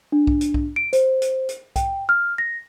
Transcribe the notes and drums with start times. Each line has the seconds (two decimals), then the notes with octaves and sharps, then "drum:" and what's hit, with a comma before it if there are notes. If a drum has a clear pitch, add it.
0.12 D4
0.27 drum: kick B1
0.41 drum: hi-hat
0.54 drum: kick B1
0.76 D7
0.93 C5, drum: hi-hat
1.22 drum: hi-hat
1.49 drum: hi-hat
1.76 G5, drum: kick B1, hi-hat
2.09 F6
2.38 A#6